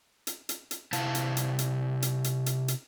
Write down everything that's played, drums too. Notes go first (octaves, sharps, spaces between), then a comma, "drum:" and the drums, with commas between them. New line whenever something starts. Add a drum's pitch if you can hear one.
drum: hi-hat
drum: hi-hat
drum: hi-hat
C3 E4 F5 A5, drum: hi-hat
drum: hi-hat
drum: hi-hat
drum: hi-hat
drum: hi-hat
drum: hi-hat
drum: hi-hat
drum: hi-hat